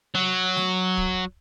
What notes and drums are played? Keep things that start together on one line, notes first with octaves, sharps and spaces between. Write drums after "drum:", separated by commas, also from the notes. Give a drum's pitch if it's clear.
F#3, drum: tom C3
drum: snare A3
drum: kick